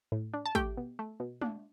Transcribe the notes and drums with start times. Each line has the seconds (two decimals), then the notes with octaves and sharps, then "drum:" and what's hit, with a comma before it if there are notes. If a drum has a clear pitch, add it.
0.12 A2
0.33 D4
0.46 A5
0.55 A3 G4 G5, drum: kick, hi-hat
0.77 B2
0.99 A3
1.20 B2
1.41 D4, drum: tom G#3